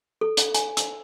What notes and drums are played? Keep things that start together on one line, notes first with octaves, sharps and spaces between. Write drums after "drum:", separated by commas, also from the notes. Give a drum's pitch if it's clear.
A4
drum: hi-hat
G#5, drum: hi-hat
E6, drum: hi-hat